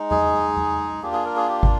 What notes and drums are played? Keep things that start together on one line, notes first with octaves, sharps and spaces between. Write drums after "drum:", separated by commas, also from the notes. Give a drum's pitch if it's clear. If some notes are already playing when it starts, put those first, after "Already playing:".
Already playing: G#3 D#4
G#4, drum: tom E2
drum: tom E2
A#3 D4 F4 G4
G#4
A#4
G#4
G4
drum: kick